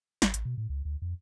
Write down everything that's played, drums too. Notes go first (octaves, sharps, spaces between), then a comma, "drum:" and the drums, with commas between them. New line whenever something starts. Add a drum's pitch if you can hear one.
G#1, drum: snare
A1, drum: hi-hat
B2
A2
C#2
D2
F2